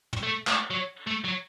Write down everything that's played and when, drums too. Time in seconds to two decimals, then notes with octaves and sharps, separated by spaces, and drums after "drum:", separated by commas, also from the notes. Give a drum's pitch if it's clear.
0.13 drum: tom
0.23 A3
0.47 A3, drum: clap
0.70 F#3
1.07 A3
1.24 F#3